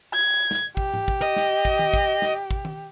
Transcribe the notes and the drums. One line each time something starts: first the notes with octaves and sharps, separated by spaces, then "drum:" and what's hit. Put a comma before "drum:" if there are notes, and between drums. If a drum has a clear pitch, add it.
G#6
drum: snare
G4, drum: kick
drum: tom G#2
drum: kick
D#5
drum: snare
drum: kick
drum: tom
drum: kick
drum: snare
drum: kick
drum: tom